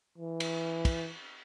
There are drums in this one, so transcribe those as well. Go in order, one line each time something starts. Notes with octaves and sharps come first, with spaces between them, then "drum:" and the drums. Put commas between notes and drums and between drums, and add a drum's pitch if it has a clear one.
E3
drum: cymbal
drum: kick, cymbal